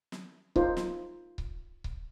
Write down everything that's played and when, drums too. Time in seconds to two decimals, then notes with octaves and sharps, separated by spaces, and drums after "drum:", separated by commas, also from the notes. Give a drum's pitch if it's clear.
0.12 drum: snare
0.56 D#4 F4 C5, drum: kick C#1
0.77 drum: snare
1.38 drum: kick C#1
1.84 drum: kick C#1